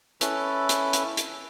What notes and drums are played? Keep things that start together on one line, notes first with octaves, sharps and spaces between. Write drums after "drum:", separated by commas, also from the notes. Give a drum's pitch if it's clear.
C#4 E4 A4 B4, drum: hi-hat
drum: hi-hat
drum: hi-hat
drum: hi-hat